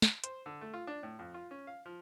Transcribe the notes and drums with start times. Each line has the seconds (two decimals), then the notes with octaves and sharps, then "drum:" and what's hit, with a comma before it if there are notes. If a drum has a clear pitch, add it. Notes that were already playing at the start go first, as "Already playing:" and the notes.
0.02 drum: snare
0.24 C5, drum: hi-hat
0.46 D3
0.61 A3
0.74 F4
0.87 D4
1.03 A2
1.19 F2
1.34 F4
1.51 C#4
1.67 F5
1.86 F3